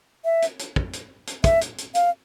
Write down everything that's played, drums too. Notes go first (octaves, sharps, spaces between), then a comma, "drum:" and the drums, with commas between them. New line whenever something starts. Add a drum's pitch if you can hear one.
E5
drum: hi-hat
drum: hi-hat
drum: kick
drum: hi-hat
drum: hi-hat
E5, drum: kick, hi-hat
drum: hi-hat
drum: hi-hat
F5, drum: hi-hat